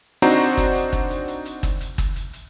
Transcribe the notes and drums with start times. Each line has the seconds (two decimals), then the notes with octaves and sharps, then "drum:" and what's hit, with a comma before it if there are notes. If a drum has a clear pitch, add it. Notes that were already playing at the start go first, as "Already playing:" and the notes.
0.22 C4 D4 D#4 F#4 C5 A#5, drum: hi-hat
0.40 drum: hi-hat
0.57 drum: kick, hi-hat
0.75 drum: hi-hat
0.93 drum: kick
1.10 drum: hi-hat
1.28 drum: hi-hat
1.45 drum: hi-hat
1.63 drum: kick, hi-hat
1.81 drum: hi-hat
1.98 drum: kick, hi-hat
2.16 drum: hi-hat
2.33 drum: hi-hat